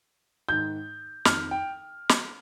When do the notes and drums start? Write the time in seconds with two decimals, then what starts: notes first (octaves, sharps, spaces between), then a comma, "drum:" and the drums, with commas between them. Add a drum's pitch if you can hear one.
0.49 G#2 D#3 G6
1.25 F2 D#3 F6, drum: snare
1.51 G5
2.09 drum: snare